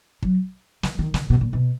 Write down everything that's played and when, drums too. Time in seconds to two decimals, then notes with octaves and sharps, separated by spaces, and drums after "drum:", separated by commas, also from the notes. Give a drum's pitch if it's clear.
0.23 F#3, drum: kick
0.83 E3, drum: snare
0.99 D#3
1.14 C#3, drum: snare
1.30 B2
1.41 A#2
1.53 B2